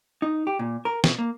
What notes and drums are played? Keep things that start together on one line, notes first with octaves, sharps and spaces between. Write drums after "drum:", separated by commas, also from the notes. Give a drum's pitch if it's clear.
D#4
G4
A#2
A#4
B2, drum: snare
A#3